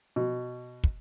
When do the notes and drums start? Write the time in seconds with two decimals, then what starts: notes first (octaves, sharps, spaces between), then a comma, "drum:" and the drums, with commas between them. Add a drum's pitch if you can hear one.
0.16 B2
0.84 drum: kick